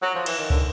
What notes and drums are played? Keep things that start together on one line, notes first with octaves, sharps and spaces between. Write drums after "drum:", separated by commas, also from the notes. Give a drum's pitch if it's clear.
F#3
F3
E3, drum: cymbal
D#3
D3, drum: kick